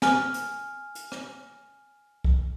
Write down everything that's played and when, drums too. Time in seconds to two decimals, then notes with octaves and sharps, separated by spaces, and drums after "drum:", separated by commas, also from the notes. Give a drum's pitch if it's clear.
0.02 G#5 F6, drum: snare
0.34 drum: hi-hat
0.95 drum: hi-hat
1.12 drum: rim click
2.24 drum: kick C2